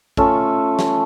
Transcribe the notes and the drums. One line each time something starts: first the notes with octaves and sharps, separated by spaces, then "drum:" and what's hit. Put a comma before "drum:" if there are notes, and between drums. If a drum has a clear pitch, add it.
A3 C#4 F4 A4, drum: kick
drum: snare